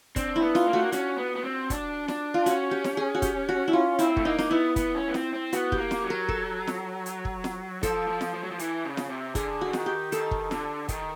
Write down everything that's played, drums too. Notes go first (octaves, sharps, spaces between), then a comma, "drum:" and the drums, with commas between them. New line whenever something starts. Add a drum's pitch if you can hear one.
C4 D4, drum: kick, hi-hat
E4
B3
F4, drum: snare
A#3
A3 F#4
A#3
C#4 F#4, drum: hi-hat
B3
B3
C4
D4, drum: kick, hi-hat
D4, drum: snare
F4
C#4 F#4, drum: hi-hat
G4
drum: snare
G#4
F#4
G4, drum: kick, hi-hat
F#4
E4
F4
C4 E4, drum: hi-hat
A3, drum: kick
A#3 D#4
D#4, drum: snare
B3 E4
B3, drum: kick, hi-hat
C#4
B3
C4, drum: snare
C4
B3 F#4, drum: hi-hat
G4, drum: kick
A#3
drum: snare
F#3
A#4
A4, drum: kick
drum: snare
drum: hi-hat
drum: kick
drum: snare
F3 A4, drum: kick, hi-hat
F3
drum: snare
F3
F#3
F3
E3, drum: hi-hat
C#3
drum: snare
C3
D3 G#4, drum: kick, hi-hat
D3 F#4
D#3, drum: snare
G4
D#3 A4, drum: hi-hat
drum: kick
D3, drum: snare
D#3, drum: kick, hi-hat